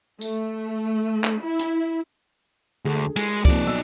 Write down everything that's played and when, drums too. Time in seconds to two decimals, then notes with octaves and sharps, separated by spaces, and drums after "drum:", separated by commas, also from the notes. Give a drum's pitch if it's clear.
0.21 A3, drum: tambourine
1.24 drum: clap
1.41 E4
1.59 drum: hi-hat
2.85 D2 G#4 A4
3.16 G#3, drum: cymbal
3.45 C3 F3 A#3 D#4 D5, drum: kick C#2
3.66 B1 E6